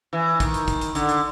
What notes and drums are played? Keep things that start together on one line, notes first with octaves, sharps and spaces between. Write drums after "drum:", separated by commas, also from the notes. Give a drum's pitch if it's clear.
E3
D#3, drum: kick, hi-hat
drum: hi-hat
drum: kick, hi-hat
drum: hi-hat
D3, drum: hi-hat
drum: hi-hat